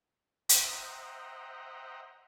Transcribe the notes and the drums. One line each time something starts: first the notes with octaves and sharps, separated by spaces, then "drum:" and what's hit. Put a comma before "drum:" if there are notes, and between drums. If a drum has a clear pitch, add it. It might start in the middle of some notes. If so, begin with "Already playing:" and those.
C5 D#5 E5 F#5 G5 A#5, drum: hi-hat